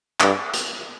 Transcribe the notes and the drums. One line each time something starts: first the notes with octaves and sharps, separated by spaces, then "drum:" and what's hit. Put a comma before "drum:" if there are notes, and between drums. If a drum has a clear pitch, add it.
G2, drum: clap
drum: hi-hat